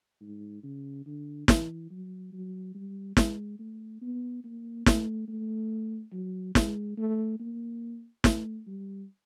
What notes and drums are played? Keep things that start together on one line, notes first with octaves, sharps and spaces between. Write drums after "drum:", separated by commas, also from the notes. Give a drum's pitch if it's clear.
G#2
C#3
D3
E3, drum: snare
F#3
F#3
G3
G#3, drum: snare
A3
B3
A#3
A3, drum: snare
A3
F#3
G#3, drum: snare
A3
A#3
A3, drum: snare
G3